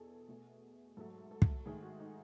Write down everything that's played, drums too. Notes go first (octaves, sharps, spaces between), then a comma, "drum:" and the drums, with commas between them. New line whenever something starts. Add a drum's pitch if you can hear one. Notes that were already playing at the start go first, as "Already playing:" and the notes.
Already playing: E2 B2 E4 G#4 A4
B2 A3
G#2 F#3 A3 A4
A4
drum: kick
G#2 D#3 A3 G#4
F#4
D#4